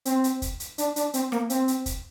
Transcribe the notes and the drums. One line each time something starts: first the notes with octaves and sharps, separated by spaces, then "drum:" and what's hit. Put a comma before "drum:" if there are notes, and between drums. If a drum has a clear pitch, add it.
C4, drum: hi-hat
drum: hi-hat
drum: kick, hi-hat
drum: hi-hat
D4, drum: hi-hat
D4, drum: hi-hat
C4, drum: hi-hat
A#3, drum: rim click
C4, drum: hi-hat
drum: hi-hat
drum: kick, hi-hat